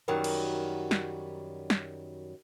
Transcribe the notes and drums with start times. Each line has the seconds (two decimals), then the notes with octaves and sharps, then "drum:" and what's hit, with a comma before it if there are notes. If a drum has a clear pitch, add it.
0.08 F#2 D#3 F#3 G3
0.24 drum: cymbal
0.91 drum: snare
1.70 drum: snare